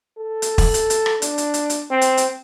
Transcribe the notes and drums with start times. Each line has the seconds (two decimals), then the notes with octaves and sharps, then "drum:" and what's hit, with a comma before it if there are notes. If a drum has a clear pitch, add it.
0.18 A4
0.42 drum: hi-hat
0.58 drum: kick, open hi-hat
0.74 drum: hi-hat
0.90 drum: hi-hat
1.06 drum: rim click
1.22 D4, drum: hi-hat
1.38 drum: hi-hat
1.54 drum: hi-hat
1.70 drum: hi-hat
1.91 C4
2.01 drum: hi-hat
2.17 drum: hi-hat